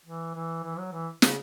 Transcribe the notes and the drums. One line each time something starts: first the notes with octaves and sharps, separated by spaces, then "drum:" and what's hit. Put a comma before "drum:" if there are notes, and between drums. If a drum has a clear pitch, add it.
E3
E3
E3
F#3
E3
C#3, drum: snare